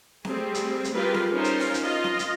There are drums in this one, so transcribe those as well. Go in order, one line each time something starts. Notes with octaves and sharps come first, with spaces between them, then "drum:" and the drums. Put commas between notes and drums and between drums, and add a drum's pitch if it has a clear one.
G3 A3 C4 G#4, drum: snare C4
drum: hi-hat
drum: hi-hat
G3 F4 G4 G#4 A#4 B4
drum: snare C4
C#4 D#4 F4 A#4 C5
drum: hi-hat
drum: open hi-hat
drum: hi-hat
F4 D#5
drum: snare C4
drum: hi-hat